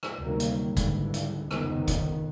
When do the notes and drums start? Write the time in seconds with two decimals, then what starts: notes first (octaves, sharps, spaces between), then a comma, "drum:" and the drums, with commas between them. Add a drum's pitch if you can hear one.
0.03 drum: rim click
0.20 D2 C3 D#3 F#3 G3 A#3
0.40 drum: hi-hat
0.65 C#2 G#2 D3 E3 G3 G#3
0.77 drum: kick, hi-hat
1.14 drum: hi-hat
1.51 F1 C#2 D#3 B3, drum: rim click
1.88 drum: kick, hi-hat